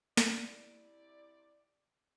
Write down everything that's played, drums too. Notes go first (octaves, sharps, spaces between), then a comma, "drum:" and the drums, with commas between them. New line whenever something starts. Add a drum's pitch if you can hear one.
C3 E4 D5, drum: snare